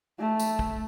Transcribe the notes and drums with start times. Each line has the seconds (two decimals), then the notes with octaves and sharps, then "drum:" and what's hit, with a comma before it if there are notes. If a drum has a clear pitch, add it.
0.19 A3
0.39 drum: tambourine
0.59 drum: kick